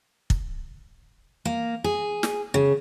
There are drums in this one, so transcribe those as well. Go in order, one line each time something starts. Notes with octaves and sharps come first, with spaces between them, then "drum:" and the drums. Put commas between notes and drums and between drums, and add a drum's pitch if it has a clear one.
drum: kick
A#3
G#4
drum: snare
C#3